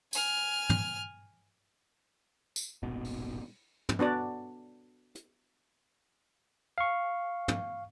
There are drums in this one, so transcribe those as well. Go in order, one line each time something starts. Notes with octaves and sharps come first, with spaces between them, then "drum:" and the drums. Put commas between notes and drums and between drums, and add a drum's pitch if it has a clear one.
G#5 F6, drum: tambourine
drum: tom
drum: tambourine
D#1 G#1 B2
drum: open hi-hat
drum: tom
B3 D4 F#4 D5
drum: hi-hat
F5 C#6
drum: tom